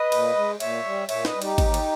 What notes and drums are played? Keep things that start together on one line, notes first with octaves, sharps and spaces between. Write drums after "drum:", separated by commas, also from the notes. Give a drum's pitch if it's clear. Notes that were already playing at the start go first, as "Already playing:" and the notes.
Already playing: B4 D#5
A#2, drum: cymbal
G#3
A#2 C#5 E5, drum: cymbal
G3
A#2 C#5 E5, drum: cymbal
B4 D#5, drum: snare
G3
D#4 G4, drum: cymbal
D#2, drum: kick G#1, cymbal
drum: cymbal